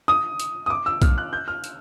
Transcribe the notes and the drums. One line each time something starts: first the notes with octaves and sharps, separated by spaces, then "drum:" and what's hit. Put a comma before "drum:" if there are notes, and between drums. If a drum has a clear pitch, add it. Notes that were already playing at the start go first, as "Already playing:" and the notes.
D#6
drum: hi-hat
D#6
D6
E6
F6, drum: kick, hi-hat
F#6
G6
F6
drum: hi-hat